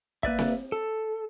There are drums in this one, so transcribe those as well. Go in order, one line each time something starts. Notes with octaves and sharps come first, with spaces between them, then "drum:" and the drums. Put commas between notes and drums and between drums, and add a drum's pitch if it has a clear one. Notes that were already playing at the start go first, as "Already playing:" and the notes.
A#3 B4 D5 E5, drum: kick
drum: snare C4
A4